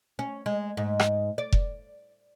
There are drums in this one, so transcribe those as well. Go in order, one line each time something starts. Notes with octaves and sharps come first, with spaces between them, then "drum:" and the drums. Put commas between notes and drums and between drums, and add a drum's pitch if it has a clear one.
C#4
G#3
G#2
drum: rim click
D5
drum: kick F1